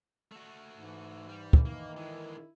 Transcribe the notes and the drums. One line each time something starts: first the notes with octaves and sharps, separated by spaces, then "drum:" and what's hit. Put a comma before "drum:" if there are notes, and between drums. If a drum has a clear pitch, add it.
A3 F#4
G#2 E3
G3
drum: kick
D#3 A#3
D3 G#3 E4